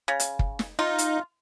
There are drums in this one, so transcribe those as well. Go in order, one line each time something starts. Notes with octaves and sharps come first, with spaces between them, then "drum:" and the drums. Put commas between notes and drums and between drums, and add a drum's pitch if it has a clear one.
C#3
drum: hi-hat
drum: kick
drum: snare
D#4 F4
drum: hi-hat